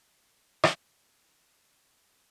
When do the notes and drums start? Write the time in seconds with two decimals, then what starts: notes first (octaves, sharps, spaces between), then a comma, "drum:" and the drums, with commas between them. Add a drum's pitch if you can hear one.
0.21 D#5
0.49 F5
0.64 drum: rim click
0.77 F#5
1.06 G#5
1.34 F5
1.63 D#5
1.90 C#5